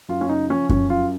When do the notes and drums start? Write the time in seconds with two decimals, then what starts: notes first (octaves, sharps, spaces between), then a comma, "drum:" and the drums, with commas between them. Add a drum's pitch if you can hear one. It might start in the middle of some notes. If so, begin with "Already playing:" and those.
0.09 F#2 F4
0.21 C#4
0.29 C#3 D#4
0.49 F3 C#4
0.69 F#2 C#4, drum: kick F#2
0.90 F#2 F4